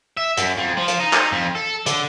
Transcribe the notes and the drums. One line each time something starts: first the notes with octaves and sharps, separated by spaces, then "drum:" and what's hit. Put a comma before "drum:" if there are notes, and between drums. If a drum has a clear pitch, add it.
E5
F#2, drum: hi-hat
F2
F3
drum: hi-hat
D#4
drum: clap
F2
A4
D3, drum: hi-hat